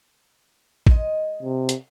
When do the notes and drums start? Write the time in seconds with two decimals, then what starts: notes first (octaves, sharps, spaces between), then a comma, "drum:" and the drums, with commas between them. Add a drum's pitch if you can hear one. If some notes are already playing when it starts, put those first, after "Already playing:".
0.87 G#3 D#5, drum: kick A1
1.43 C3
1.69 drum: hi-hat